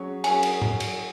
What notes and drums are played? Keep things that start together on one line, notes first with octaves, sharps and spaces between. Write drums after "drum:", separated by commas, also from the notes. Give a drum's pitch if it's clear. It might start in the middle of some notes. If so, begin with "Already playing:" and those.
Already playing: F#3 C#4 G#4 C#5
F#3 C#4 G#4 C#5 G#5, drum: cymbal
drum: cymbal
drum: tom
drum: cymbal